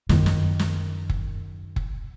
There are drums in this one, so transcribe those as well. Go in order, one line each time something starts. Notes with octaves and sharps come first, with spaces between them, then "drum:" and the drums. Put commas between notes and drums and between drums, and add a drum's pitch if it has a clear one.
F#2 D#3, drum: snare
drum: snare
drum: snare
drum: kick
drum: kick